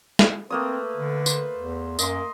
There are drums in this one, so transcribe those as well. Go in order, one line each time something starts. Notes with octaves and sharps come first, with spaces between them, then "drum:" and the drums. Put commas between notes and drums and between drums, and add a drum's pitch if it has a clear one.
drum: snare
A3 A#3 C4 B4 D#6
D3
C5, drum: tambourine
E2
F#2 A#3 D#5 C6, drum: tambourine